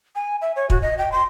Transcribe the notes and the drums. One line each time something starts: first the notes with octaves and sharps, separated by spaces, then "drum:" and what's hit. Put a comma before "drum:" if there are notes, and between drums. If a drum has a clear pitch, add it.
G#5
E5
C#5
F#4, drum: kick
D#5
G5
C6